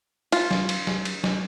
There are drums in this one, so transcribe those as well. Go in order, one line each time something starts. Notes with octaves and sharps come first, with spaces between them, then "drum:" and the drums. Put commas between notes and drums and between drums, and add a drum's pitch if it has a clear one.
F4, drum: cymbal
drum: snare
drum: cymbal
drum: snare
drum: cymbal
drum: snare